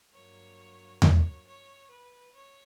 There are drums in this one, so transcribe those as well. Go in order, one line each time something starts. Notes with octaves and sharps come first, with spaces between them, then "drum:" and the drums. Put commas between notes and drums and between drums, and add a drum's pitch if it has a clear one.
G2 F#3 A#3 C#5
C#5, drum: tom E2
C#5
B4
C#5